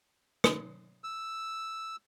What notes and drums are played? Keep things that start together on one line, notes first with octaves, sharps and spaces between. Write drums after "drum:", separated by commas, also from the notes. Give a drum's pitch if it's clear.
drum: rim click
E6